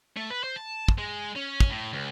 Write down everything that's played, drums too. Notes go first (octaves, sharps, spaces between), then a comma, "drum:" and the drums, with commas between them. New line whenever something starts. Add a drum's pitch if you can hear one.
A3
B4
C5
A5
drum: kick
G#3
C#4
drum: kick
A2
C#2